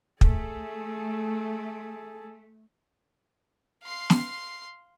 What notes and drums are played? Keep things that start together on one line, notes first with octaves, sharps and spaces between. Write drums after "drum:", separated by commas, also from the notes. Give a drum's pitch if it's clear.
A3 G#4 A4, drum: kick
F5 C6
drum: snare